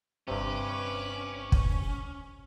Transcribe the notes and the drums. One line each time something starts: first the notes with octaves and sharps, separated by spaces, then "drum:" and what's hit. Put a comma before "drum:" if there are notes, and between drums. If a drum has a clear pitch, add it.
G1 G2 C3 C#4 B4 C5 D6
drum: kick